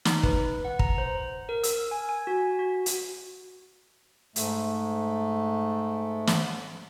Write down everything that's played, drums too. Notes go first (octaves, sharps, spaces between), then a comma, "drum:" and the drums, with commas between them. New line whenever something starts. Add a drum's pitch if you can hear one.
D#4, drum: snare
B4, drum: kick
F#5
A#5, drum: kick
C5
A#4
E6, drum: hi-hat
G#5
G#5
F#4
F#4
drum: hi-hat
G#2 A3, drum: hi-hat
drum: snare